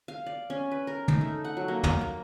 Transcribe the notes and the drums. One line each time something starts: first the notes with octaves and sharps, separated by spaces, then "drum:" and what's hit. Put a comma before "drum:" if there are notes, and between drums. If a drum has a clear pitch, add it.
F5
D5
C#4
B4
A#4
D#4, drum: tom
A3
F#5
F#3
A#3
drum: tom
A#3